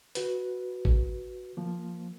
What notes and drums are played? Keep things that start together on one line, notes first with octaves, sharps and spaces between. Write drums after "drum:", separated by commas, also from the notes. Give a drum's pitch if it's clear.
F#4 B4, drum: hi-hat
drum: kick
F3 A#3